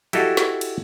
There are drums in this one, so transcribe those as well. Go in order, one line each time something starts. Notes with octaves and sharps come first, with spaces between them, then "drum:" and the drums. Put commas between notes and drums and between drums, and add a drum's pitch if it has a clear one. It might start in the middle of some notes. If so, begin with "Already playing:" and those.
E4 F#4 G4 A4 D#5 F5, drum: cymbal
drum: snare
drum: cymbal